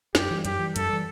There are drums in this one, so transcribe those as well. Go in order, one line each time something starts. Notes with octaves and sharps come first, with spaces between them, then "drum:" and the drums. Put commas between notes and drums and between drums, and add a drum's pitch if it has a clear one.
F#2 G4, drum: snare
E3 G3
F#2 G4, drum: hi-hat
E3 G3
F#2 A4, drum: hi-hat
E3 G3